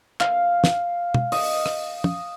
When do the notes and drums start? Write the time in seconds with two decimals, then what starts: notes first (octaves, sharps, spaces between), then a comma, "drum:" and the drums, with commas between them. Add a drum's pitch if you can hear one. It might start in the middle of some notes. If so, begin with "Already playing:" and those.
0.20 F5, drum: clap
0.64 drum: snare
1.14 drum: tom
1.32 D#5, drum: open hi-hat
1.66 drum: rim click
2.04 drum: tom